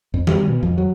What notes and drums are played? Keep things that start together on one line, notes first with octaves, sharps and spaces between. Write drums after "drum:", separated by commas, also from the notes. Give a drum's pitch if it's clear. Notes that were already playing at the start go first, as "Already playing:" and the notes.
F2
G3, drum: tom D#3
B2
F2
F#3